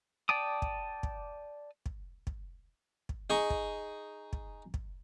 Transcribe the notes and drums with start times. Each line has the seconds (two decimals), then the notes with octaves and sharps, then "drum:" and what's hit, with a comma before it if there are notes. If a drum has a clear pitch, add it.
0.29 D5 G5 A5 D6 D#6
0.62 drum: kick
1.03 drum: kick
1.86 drum: kick
2.27 drum: kick
3.09 drum: kick
3.30 D#4 G#4 C#6
3.50 drum: kick
4.33 drum: kick
4.74 drum: kick